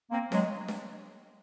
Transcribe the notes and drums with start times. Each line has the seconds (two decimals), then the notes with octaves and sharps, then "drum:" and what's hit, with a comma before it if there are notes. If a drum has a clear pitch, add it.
0.11 A#3 C4
0.32 F#3 G#3, drum: snare D4
0.68 drum: snare D4